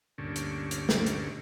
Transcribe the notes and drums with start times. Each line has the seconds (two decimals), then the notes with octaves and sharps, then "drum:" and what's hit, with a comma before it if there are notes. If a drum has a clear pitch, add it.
0.18 D2 G2 A#2 D3 C#4
0.36 drum: hi-hat
0.71 drum: hi-hat
0.89 drum: snare
1.06 drum: hi-hat